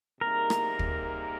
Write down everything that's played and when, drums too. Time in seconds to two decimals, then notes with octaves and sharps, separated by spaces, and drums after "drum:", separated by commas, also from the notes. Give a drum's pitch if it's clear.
0.21 C3 G3 A#3 D#4 G#4 A#4
0.50 drum: rim click
0.79 drum: kick